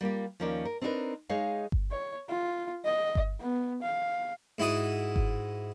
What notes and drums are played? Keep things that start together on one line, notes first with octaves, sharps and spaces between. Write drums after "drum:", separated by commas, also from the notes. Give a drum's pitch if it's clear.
G3 A#3 F4 G4
D#2 F3 C#4 A#4 D5
A#4
C4 D4 D#4 G4 A#4 B4
G#3 D#4 G#4 C#5 F5
drum: kick G1
C#5
F4
D#5
drum: kick G1
B3
F5
G#2 E4 F#4 D#6
drum: kick G1